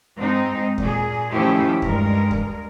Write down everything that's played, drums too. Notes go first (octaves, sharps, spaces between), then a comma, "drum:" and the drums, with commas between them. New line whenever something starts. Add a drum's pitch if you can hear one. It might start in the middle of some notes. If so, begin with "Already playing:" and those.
G#2 G#3 C4 D#4
A#2 G#4, drum: kick D#2
D#3 F3 A3 C#4 E4 G4
G2 G#3 A#4, drum: kick D#2
drum: kick D#2